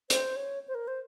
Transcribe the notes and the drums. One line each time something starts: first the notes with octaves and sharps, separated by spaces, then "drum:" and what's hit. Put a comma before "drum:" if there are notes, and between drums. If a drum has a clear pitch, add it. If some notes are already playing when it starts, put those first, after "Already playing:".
C5, drum: hi-hat
C#5
C5
A#4
C5